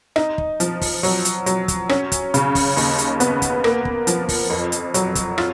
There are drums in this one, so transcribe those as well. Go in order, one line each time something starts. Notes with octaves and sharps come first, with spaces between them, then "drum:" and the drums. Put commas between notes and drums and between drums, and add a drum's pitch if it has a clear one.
D#4, drum: rim click
drum: kick
F3, drum: hi-hat
drum: kick, open hi-hat
F#3, drum: open hi-hat
drum: hi-hat
F#3, drum: hi-hat
drum: kick, hi-hat
C#4, drum: rim click
drum: kick, hi-hat
C#3, drum: hi-hat
drum: kick, open hi-hat
D#2, drum: open hi-hat
drum: hi-hat
B3, drum: hi-hat
drum: kick, hi-hat
A#3, drum: rim click
drum: kick
F3, drum: hi-hat
drum: kick, open hi-hat
F2
drum: hi-hat
F#3, drum: hi-hat
drum: kick, hi-hat
F4, drum: rim click